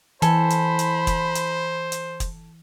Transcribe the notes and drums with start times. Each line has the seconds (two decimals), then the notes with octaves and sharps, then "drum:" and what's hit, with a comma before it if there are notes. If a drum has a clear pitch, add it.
0.22 E3 A4 C5 G#5 B5, drum: hi-hat
0.50 drum: hi-hat
0.79 drum: hi-hat
1.07 drum: kick, hi-hat
1.35 drum: hi-hat
1.92 drum: hi-hat
2.20 drum: kick, hi-hat